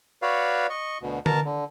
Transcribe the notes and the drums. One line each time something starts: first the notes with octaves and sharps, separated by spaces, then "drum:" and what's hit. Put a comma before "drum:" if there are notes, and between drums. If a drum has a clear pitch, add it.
F#4 B4 C#5 D5 F5
D#5 C#6
D2 B2
B2 A#4 A5 A#5, drum: tom D3
D3